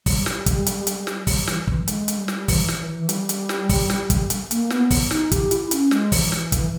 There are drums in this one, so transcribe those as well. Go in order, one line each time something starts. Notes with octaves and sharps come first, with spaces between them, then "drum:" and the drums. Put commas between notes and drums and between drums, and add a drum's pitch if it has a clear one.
G3, drum: kick, open hi-hat
drum: snare
drum: kick, hi-hat
drum: hi-hat
drum: hi-hat
drum: snare
G3, drum: kick, open hi-hat
E3, drum: snare
E3, drum: kick
G#3, drum: hi-hat
drum: hi-hat
G3
drum: snare
E3, drum: kick, open hi-hat
drum: snare
E3
E3
G3, drum: hi-hat
drum: hi-hat
drum: snare
drum: kick, open hi-hat
drum: snare
drum: kick, hi-hat
drum: hi-hat
A#3, drum: hi-hat
B3, drum: snare
drum: kick, open hi-hat
D#4, drum: snare
G4, drum: kick, hi-hat
E4, drum: hi-hat
C#4, drum: hi-hat
G#3, drum: snare
E3, drum: kick, open hi-hat
drum: snare
drum: kick, hi-hat